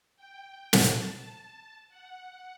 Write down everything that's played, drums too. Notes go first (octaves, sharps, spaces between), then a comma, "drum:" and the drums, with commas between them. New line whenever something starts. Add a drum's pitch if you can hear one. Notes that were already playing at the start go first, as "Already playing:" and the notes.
G5
A5, drum: snare
F#5